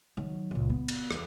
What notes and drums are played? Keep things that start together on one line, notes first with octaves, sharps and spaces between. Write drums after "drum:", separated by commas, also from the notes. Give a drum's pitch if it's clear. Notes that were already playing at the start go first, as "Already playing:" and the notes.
D#3 F#3
C#2 A#2
B3
drum: cymbal
E2, drum: rim click